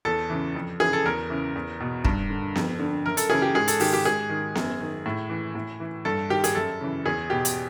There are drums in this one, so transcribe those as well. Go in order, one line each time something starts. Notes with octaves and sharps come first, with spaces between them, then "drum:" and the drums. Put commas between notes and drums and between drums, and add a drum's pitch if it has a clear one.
E2 A4
C#3 E3
F2
C#3 E3 G#4
A4
E2 A#4
C#3 E3
E2
B2
G2, drum: kick
D3
F2, drum: snare B3
D3
F#2 A#4
A4, drum: hi-hat
C#3 E3 G#4
G4
G#2 G#4
A4, drum: hi-hat
D#3 G4, drum: open hi-hat
G4
G#2 G#4
D#3
F#2, drum: snare B3
D#3
A2
E3
A2
E3
G2 A4
D#3 G4
G#4, drum: hi-hat
F#2 A4
C#3 E3
E2 G#4
B2 G4
drum: hi-hat